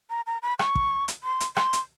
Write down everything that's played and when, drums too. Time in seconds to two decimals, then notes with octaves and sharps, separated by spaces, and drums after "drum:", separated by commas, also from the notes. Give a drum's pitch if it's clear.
0.10 A#5
0.27 A#5
0.43 B5
0.59 C#6, drum: rim click
0.75 drum: kick
1.08 drum: hi-hat
1.24 C6
1.40 drum: hi-hat
1.57 C6, drum: rim click
1.73 drum: hi-hat